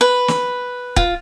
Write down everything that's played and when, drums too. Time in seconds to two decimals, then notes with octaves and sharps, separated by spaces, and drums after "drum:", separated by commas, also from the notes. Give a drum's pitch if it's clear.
0.01 B4
0.28 drum: snare
0.96 F4, drum: kick